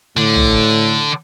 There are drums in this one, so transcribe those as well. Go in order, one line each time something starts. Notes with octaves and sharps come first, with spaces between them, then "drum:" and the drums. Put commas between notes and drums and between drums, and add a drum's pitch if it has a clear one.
A2 D3
drum: tom